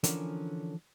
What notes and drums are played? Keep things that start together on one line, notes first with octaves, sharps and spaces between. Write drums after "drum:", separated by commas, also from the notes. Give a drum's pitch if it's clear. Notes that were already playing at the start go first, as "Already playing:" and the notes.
D3 E3 F3 C#4 D4 A#4, drum: hi-hat